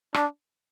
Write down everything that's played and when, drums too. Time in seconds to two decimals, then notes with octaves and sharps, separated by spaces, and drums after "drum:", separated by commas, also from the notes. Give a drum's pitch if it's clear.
0.14 D4, drum: rim click